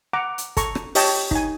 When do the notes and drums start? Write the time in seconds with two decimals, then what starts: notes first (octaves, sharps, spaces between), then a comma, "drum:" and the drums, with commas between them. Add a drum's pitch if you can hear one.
0.13 F#5 A#5 D6
0.38 drum: hi-hat
0.57 A4 A#5 C#6, drum: kick, hi-hat
0.75 drum: rim click
0.95 G4 C#5 D#5 G5 A5, drum: open hi-hat
1.31 D#4 G#5, drum: kick